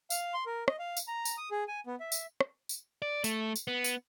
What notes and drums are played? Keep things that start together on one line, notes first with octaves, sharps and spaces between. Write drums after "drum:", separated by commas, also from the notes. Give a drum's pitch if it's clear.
F5, drum: tambourine
C6
A#4
D#5, drum: rim click
F5
drum: tambourine
A#5
drum: tambourine
D#6
G#4
G#5
B3
E5
drum: tambourine
drum: rim click
drum: tambourine
D5
A3, drum: tambourine
drum: tambourine
B3
drum: tambourine